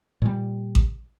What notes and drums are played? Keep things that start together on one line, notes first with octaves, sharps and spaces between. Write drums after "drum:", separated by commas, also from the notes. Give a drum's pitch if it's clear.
A#2 G3
drum: kick A1